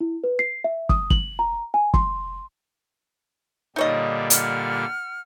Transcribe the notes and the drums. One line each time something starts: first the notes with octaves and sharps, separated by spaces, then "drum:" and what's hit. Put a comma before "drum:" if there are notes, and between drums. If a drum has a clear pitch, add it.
E4
B4
C7
E5
D#6, drum: kick
F#7, drum: kick
A#5
G#5
C6, drum: kick
A#2 D3 G3 D#4 C#5 D#5
F#5 F6, drum: hi-hat